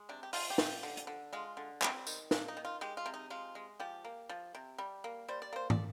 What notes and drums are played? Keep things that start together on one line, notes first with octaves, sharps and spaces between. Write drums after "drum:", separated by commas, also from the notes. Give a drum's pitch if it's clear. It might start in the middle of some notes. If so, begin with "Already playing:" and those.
Already playing: G#3
C3 D4
G4
F3 F4, drum: open hi-hat
G4
F3, drum: snare
G4
D3
drum: hi-hat
D3
G#3 F4
D3
G3 C4, drum: clap
D#3, drum: tambourine
A#3 D4, drum: snare
D#4
D#3
F4
G#3 G4
F4
C3
D#4
G#3 F4
G#3
F3 G4
A#3
F3
C3
G3
A#3
G3 C5
D5
A#3 C5
D5, drum: tom